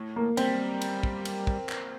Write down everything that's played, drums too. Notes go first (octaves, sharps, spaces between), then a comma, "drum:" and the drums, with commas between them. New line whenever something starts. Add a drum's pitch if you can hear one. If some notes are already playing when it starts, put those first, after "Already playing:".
Already playing: A2
A#3
G3 C4, drum: cymbal
drum: cymbal
drum: kick
drum: cymbal
drum: kick
drum: clap